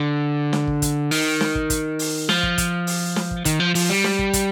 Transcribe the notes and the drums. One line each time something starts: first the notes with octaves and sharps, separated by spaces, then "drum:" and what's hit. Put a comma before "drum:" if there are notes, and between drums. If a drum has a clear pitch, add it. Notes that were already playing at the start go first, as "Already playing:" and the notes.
Already playing: D3
drum: snare
drum: kick
drum: kick, hi-hat
D#3, drum: open hi-hat
drum: snare
drum: kick
drum: kick, hi-hat
drum: open hi-hat
F3, drum: snare
drum: kick
drum: kick, hi-hat
drum: open hi-hat
drum: snare
drum: kick
D#3, drum: kick, hi-hat
F3
F3, drum: open hi-hat
G3
drum: snare
drum: kick
drum: kick, hi-hat